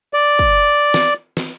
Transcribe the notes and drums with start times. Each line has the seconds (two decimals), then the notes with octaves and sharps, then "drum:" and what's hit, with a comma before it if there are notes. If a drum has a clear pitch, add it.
0.13 D5
0.39 drum: kick
0.94 drum: snare
1.37 drum: snare